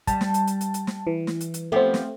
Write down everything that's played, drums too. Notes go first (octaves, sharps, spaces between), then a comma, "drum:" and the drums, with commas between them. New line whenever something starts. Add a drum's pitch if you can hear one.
G3 A5, drum: kick, hi-hat
drum: snare
drum: hi-hat
drum: hi-hat
drum: hi-hat
drum: hi-hat
drum: snare
E3
drum: snare
drum: hi-hat
drum: hi-hat
F3 A3 B3 C4 G4
drum: snare